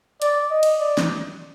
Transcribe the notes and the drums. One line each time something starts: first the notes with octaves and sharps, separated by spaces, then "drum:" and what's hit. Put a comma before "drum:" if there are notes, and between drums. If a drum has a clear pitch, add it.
D5, drum: hi-hat
D#5
drum: cymbal
D5
drum: snare